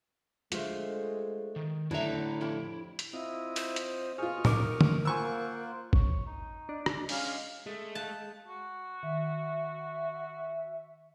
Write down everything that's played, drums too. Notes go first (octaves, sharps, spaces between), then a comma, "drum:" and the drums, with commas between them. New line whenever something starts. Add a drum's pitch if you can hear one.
D3 G#3 A3 F4 C5, drum: hi-hat
D#3
A2 D3 F#3 E4 E5 A#5
F2 E4 G4
drum: hi-hat
C4 E4 F4 D#5
C5, drum: hi-hat
drum: hi-hat
B2 F4 G#4 D#5 C#6 F6
D#4 A#4 D6, drum: tom A2
drum: tom D3
A#3 F4 C5 F#5 G#5 C#6 E6
C#5, drum: kick G1
D#4
D4 D#5
drum: rim click
G#3 C#4 F5, drum: open hi-hat
G#3 A3 G#4 A4
F5 A5 F#6 G6
F#4
D#3 E5